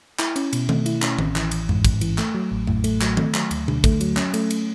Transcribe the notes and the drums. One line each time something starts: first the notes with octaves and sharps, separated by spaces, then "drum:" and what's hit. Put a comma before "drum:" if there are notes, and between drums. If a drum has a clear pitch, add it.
E4, drum: clap
C#4, drum: cymbal
B2, drum: cymbal
A3, drum: tom D#3
E4, drum: cymbal
C#4, drum: clap
A1, drum: tom D#3
E3, drum: clap
A1, drum: cymbal
G#2, drum: tom F2
A1, drum: kick, cymbal
E3, drum: cymbal
A3, drum: clap
F#3
A1
A2, drum: tom F2
A3, drum: cymbal
F#3, drum: clap
A3, drum: tom D#3
F#3, drum: clap
D2, drum: cymbal
D3, drum: tom B2
A3, drum: kick, cymbal
F#3, drum: cymbal
C#4, drum: clap
A3, drum: cymbal
drum: cymbal